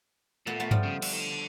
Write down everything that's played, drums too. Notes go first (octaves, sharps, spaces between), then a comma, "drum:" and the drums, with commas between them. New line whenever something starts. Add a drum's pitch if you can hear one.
A#2 A3 B3
A3 B3
F3 G3, drum: tom G2
C#3
D3, drum: cymbal
D#3
D3